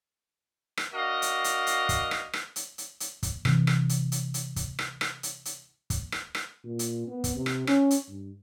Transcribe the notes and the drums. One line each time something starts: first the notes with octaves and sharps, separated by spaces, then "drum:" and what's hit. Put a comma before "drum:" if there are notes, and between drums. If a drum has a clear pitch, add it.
drum: rim click
D4 F#4 A#4 D#5 F5
drum: hi-hat
drum: hi-hat
drum: hi-hat
drum: kick, hi-hat
drum: rim click
drum: rim click
drum: hi-hat
drum: hi-hat
drum: hi-hat
drum: kick, hi-hat
C3 E3, drum: rim click
drum: rim click
drum: hi-hat
drum: hi-hat
drum: hi-hat
drum: kick, hi-hat
drum: rim click
drum: rim click
drum: hi-hat
drum: hi-hat
drum: kick, hi-hat
drum: rim click
drum: rim click
A#2
drum: hi-hat
B3
drum: kick, hi-hat
C3
drum: rim click
C#4, drum: rim click
drum: hi-hat
G2